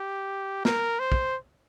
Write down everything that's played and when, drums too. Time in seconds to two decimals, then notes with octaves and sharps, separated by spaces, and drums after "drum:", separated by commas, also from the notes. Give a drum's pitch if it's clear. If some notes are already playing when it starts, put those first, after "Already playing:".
Already playing: G4
0.65 A#4, drum: snare
0.99 C5
1.12 drum: kick